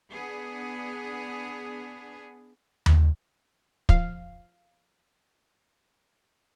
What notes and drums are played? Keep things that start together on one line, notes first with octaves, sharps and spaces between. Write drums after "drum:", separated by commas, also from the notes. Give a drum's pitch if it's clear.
B3 D4 G#4
drum: tom D#2
F3 F5, drum: kick